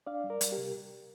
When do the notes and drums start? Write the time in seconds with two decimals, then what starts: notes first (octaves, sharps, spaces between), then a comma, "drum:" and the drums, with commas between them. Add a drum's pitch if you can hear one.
0.07 D4 D5 F5
0.24 G3
0.30 A#4 D5
0.41 G3, drum: hi-hat
0.52 G4 A#4
0.58 C3